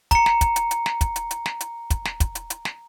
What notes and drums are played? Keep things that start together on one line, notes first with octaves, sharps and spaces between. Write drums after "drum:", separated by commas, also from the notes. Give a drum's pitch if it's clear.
A#5 C#7, drum: kick, hi-hat
drum: snare
drum: kick, hi-hat
drum: hi-hat
drum: hi-hat
drum: snare
drum: kick, hi-hat
drum: hi-hat
drum: hi-hat
drum: snare
drum: hi-hat
drum: kick, hi-hat
drum: snare
drum: kick, hi-hat
drum: hi-hat
drum: hi-hat
drum: snare